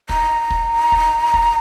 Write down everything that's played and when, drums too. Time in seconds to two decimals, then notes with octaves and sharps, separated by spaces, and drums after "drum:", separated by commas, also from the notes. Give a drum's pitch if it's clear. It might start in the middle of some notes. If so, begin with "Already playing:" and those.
0.09 A#5, drum: kick
0.51 drum: kick
0.92 drum: kick
1.34 drum: kick